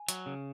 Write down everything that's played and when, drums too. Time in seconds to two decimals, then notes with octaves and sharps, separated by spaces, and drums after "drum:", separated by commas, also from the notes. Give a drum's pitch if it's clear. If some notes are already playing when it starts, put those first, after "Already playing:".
Already playing: G#5
0.09 F#3, drum: hi-hat
0.26 C#3